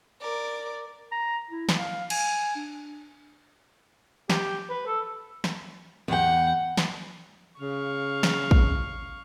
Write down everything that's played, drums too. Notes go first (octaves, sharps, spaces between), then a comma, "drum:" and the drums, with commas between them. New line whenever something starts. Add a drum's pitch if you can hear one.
A#4 D5
A#5
E4
drum: snare
F5
G#5, drum: cymbal
D4
G4, drum: snare
B4
A4
drum: snare
E2 F#5 G5
drum: snare
C#3 F5 C#6
drum: snare
drum: kick